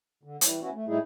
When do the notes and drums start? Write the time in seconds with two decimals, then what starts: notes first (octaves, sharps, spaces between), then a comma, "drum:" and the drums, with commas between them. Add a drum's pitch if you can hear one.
0.23 D3
0.41 E3 G3, drum: hi-hat
0.61 B3 C#4 E4 F#4
0.74 A3
0.88 A2 G3 A3 D#4 E4 G#4